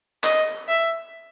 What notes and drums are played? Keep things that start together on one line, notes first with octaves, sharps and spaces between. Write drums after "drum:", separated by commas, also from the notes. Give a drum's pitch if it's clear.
D#5, drum: clap
E5